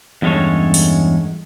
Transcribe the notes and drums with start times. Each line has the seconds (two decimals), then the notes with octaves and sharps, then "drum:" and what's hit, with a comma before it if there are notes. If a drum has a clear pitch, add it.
0.22 E2 G2 G#3 C#4 A4 C#5
0.74 drum: open hi-hat